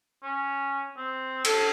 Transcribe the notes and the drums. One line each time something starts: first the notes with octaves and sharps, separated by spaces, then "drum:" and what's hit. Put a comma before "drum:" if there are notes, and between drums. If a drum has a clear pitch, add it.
C#4
C4
A4, drum: cymbal